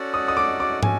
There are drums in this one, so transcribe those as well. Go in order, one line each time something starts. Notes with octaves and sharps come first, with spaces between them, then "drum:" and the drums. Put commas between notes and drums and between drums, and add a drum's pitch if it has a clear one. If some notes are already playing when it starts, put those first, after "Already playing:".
Already playing: C#4 F#4 A4 D5 F#5
D#6
D#6
D6
D6
C#4 F#4 A4 G#5, drum: tom